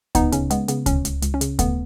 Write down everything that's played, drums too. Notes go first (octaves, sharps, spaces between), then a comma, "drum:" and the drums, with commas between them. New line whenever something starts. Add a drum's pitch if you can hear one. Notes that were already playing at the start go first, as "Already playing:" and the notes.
C#2 B3 D#4, drum: kick D2, hi-hat
C#3 C#4, drum: hi-hat
G#3 B3, drum: hi-hat
C#3 B3, drum: hi-hat
C#2 C#4, drum: kick D2, hi-hat
C#2, drum: hi-hat
C#2, drum: hi-hat
C#4
C#3, drum: hi-hat
A3 B3, drum: kick D2, hi-hat